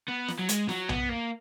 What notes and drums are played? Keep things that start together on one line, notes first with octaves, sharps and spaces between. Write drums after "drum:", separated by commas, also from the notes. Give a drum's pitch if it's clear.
B3
drum: snare
F#3
G#3, drum: hi-hat
F#3, drum: snare
B3, drum: tom B1
A#3